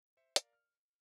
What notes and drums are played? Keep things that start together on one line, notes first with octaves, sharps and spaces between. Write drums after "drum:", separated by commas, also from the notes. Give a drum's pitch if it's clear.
C5 E5 C#7
A#4 D5 F5, drum: hi-hat
F6